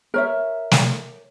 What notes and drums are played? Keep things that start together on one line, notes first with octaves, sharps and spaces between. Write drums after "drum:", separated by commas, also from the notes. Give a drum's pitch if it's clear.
A#4 C#5 E5
drum: snare